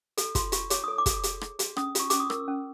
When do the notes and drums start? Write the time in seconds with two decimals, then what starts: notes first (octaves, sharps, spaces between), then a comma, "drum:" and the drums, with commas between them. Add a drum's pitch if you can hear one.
0.17 A4, drum: hi-hat
0.35 F4 C6, drum: kick, hi-hat
0.52 F4 C#6, drum: hi-hat
0.70 C#5 D6, drum: hi-hat
0.84 A4 D#6
0.98 D6
1.06 A4, drum: kick, hi-hat
1.23 G#4, drum: hi-hat
1.41 G#4, drum: rim click
1.59 G#4, drum: hi-hat
1.76 C#4 D#6, drum: rim click
1.95 F4 C#6, drum: hi-hat
2.10 C#4 D6, drum: hi-hat
2.20 D#6
2.30 A#4 E6, drum: rim click
2.48 C#4